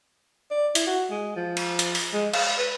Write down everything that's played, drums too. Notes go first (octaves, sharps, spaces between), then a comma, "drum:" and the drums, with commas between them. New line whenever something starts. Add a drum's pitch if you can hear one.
D5
E4, drum: hi-hat
F#4
G#3
F3
drum: cymbal
drum: hi-hat
drum: open hi-hat
G#3
F5, drum: cymbal
B4